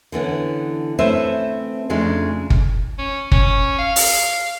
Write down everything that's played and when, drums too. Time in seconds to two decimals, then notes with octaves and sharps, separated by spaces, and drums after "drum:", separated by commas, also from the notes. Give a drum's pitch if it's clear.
0.12 D3 E3 B3 C#4
0.99 A3 C4 C#4 B4 C5 E5
1.90 F2 C#3 G#3 A3 D4 D#4
2.50 drum: kick
2.99 C#4
3.32 C#4, drum: kick
3.78 F5
3.96 drum: open hi-hat